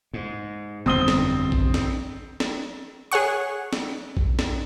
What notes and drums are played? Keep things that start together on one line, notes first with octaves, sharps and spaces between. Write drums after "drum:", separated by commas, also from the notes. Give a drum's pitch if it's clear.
G#2
G1 F2 C4 D#6 G7
drum: snare
drum: kick
drum: snare
drum: snare
G#4 C#5 F#5 C#6
drum: snare
drum: kick
drum: snare